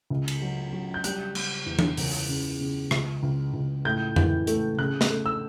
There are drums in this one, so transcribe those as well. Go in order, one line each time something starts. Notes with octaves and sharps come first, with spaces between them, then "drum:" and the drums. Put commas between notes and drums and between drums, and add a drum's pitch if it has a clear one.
C#2
drum: cymbal
F#3
F#3
G6
G3 F#6, drum: hi-hat
G3, drum: cymbal
E2
drum: tom E3
C#2, drum: open hi-hat
C#3
C#3
C#2, drum: rim click
C#2
C#2
A2 G6
E3, drum: tom F2
A3, drum: hi-hat
C#3 F#6
drum: snare
A3
E6